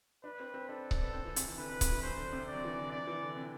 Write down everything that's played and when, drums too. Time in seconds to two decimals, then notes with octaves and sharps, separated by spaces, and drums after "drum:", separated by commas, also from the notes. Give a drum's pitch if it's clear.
0.24 D4 B4
0.40 C4
0.54 C4
0.68 D4 A4
0.91 D4, drum: kick C#1
1.03 B3
1.13 C4
1.25 E3
1.36 C3, drum: hi-hat
1.48 E3
1.58 D3 B4
1.69 C3
1.81 C3, drum: kick C#1, hi-hat
1.92 E3
2.02 F#3 C5
2.18 D3
2.33 C3
2.48 F#3 D5
2.65 E3
2.78 D3
2.91 C3 D5
3.07 E3
3.22 D3
3.37 C3